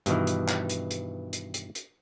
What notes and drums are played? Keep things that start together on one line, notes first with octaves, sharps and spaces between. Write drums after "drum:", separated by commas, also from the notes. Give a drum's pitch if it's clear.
G2 B2 D#3 E3, drum: hi-hat
drum: hi-hat
drum: clap
drum: hi-hat
drum: hi-hat
drum: hi-hat
drum: hi-hat
drum: hi-hat